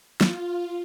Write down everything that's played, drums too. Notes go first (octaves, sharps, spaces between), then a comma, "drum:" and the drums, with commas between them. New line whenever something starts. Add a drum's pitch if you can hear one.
F4, drum: snare